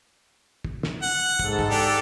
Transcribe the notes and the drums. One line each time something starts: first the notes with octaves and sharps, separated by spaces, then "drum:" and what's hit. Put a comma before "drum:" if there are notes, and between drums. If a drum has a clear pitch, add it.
drum: kick
drum: snare
F#5
G#2 A4, drum: kick
drum: kick
D4 G4 A4